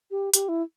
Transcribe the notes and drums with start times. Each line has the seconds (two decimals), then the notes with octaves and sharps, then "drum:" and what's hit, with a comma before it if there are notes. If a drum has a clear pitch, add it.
0.11 G4
0.34 G4, drum: hi-hat
0.49 E4